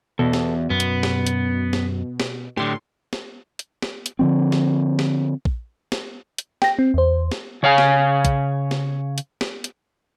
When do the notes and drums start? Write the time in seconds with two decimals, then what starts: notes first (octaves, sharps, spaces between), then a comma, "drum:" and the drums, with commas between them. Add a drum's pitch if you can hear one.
0.19 E2 B2 A4
0.33 drum: snare
0.70 F#2 B3
0.80 drum: hi-hat
1.03 drum: snare
1.27 drum: hi-hat
1.73 drum: snare
2.20 drum: snare
2.57 A2 D3 G4 C6
3.13 drum: snare
3.59 drum: hi-hat
3.82 drum: snare
4.06 drum: hi-hat
4.19 D3 F3 C4
4.52 drum: snare
4.99 drum: snare
5.45 drum: kick A#1
5.92 drum: snare
6.38 drum: hi-hat
6.62 G5 A#6, drum: snare
6.79 C4
6.94 E2 C5
7.32 drum: snare
7.63 C#3 C#5 F5 G#5
7.78 drum: snare
8.25 drum: kick A#1, hi-hat
8.71 drum: snare
9.18 drum: hi-hat
9.41 drum: snare
9.64 drum: hi-hat